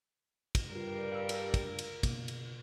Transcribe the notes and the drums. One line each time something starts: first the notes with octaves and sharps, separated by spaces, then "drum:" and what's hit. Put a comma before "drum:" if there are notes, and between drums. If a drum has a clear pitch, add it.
drum: kick, cymbal
G2 G3 F4 A#4 C7
F5 E6
drum: cymbal
drum: kick, cymbal
drum: cymbal
B2 A#3, drum: kick, cymbal
drum: cymbal